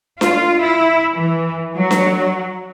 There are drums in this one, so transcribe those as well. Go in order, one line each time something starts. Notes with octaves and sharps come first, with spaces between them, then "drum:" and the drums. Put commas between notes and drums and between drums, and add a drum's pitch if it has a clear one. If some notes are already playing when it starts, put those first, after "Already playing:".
F4, drum: snare D4
E4
E3
F#3
drum: snare D4